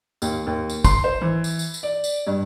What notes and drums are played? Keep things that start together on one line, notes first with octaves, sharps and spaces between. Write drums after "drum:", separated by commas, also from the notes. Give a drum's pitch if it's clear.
D#2, drum: tambourine
D#2
drum: tambourine
C6, drum: kick, tambourine
C5
E3
drum: tambourine
drum: tambourine
drum: tambourine
D5
drum: tambourine
G2